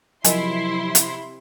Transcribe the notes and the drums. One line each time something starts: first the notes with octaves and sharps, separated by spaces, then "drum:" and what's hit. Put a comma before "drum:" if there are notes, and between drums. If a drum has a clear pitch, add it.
C3 F3 F#3 E4 A#4 D#5 G#5 C6, drum: hi-hat
drum: hi-hat